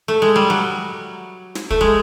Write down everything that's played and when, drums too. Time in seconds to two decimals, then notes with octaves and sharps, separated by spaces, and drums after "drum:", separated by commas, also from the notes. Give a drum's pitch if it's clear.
0.08 A3
0.22 G#3
0.36 G3
0.50 F#3
1.55 drum: snare
1.70 A3, drum: kick
1.81 G#3